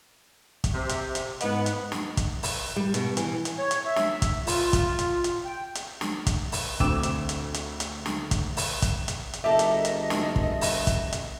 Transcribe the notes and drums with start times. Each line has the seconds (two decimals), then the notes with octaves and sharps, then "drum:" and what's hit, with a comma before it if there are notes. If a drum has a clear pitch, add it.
0.64 drum: kick, hi-hat
0.74 C3
0.89 drum: hi-hat
1.15 drum: hi-hat
1.41 G#2 B3 D#5, drum: hi-hat
1.66 drum: hi-hat
1.92 drum: snare
2.17 drum: kick, hi-hat
2.43 drum: open hi-hat
2.76 G3
2.94 B2, drum: hi-hat
3.17 E3, drum: hi-hat
3.45 drum: hi-hat
3.59 C#5
3.71 drum: hi-hat
3.85 E5
3.96 drum: snare
4.22 drum: kick, hi-hat
4.47 F4, drum: open hi-hat
4.73 drum: kick, hi-hat
4.99 drum: hi-hat
5.24 drum: hi-hat
5.45 G5
5.75 drum: hi-hat
6.01 drum: snare
6.27 drum: kick, hi-hat
6.52 drum: open hi-hat
6.80 D2 C4 D6 E6 E7, drum: kick
7.03 drum: hi-hat
7.29 drum: hi-hat
7.54 drum: hi-hat
7.80 drum: hi-hat
8.06 drum: snare
8.31 drum: kick, hi-hat
8.57 drum: open hi-hat
8.82 drum: kick, hi-hat
9.08 drum: hi-hat
9.33 drum: hi-hat
9.44 F#1 G4 A4 A#4 D#5 E5
9.59 drum: hi-hat
9.85 drum: hi-hat
10.10 drum: snare
10.36 drum: kick
10.61 drum: open hi-hat
10.87 drum: kick, hi-hat
11.13 drum: hi-hat